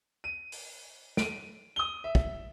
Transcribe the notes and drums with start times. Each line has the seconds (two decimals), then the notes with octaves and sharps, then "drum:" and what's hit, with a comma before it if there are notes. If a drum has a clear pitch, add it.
0.24 D#7
0.52 drum: open hi-hat
1.17 D7 D#7, drum: snare
1.76 D#6 G7
2.04 E5
2.15 drum: kick